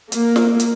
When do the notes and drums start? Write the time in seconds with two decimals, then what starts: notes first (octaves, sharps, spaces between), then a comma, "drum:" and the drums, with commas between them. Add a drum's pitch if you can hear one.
0.12 A#3, drum: hi-hat
0.36 drum: snare
0.60 drum: hi-hat